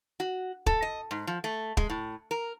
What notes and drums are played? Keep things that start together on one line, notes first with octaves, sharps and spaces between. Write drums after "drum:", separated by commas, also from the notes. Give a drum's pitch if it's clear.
F#4
A4, drum: kick
D#5
G#2
F3
A3
G#3, drum: kick
A2
A#4